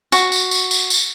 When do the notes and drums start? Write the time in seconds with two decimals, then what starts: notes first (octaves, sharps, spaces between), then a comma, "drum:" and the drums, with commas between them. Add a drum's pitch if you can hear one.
0.12 F#4, drum: tambourine
0.32 drum: tambourine
0.51 drum: tambourine
0.71 drum: tambourine
0.90 drum: tambourine